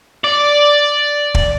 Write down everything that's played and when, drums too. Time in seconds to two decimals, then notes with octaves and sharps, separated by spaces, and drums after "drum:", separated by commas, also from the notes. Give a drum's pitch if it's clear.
0.24 D5
1.35 drum: kick